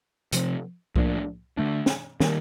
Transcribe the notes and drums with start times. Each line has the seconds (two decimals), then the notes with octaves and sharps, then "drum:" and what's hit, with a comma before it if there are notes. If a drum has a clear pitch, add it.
0.33 C3 F3 C4, drum: hi-hat
0.96 A2 F3 A#3 D4, drum: kick C2
1.57 D3 A3 D4
1.86 drum: snare
2.20 D#3 G3 A#3, drum: snare